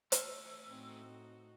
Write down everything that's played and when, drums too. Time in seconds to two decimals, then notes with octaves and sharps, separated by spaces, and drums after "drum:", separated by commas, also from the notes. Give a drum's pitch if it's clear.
0.12 A3 C#4 E6, drum: hi-hat
0.68 A2 C4 D#4 F#4